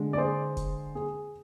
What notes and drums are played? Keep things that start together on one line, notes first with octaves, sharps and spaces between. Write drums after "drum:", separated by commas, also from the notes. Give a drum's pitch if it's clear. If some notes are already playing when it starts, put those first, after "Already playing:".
Already playing: D3 G#3
D5
G#4 C5
drum: kick F1, hi-hat
G#4